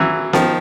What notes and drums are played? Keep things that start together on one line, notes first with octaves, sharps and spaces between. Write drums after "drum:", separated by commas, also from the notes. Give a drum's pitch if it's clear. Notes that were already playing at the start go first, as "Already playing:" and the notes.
Already playing: E3 F#3
D#3 F3, drum: snare B3